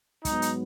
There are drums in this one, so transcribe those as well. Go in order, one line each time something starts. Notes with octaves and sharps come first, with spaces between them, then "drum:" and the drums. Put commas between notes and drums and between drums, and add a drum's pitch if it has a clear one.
G#2 F#3 B3 D#4, drum: kick, hi-hat
drum: hi-hat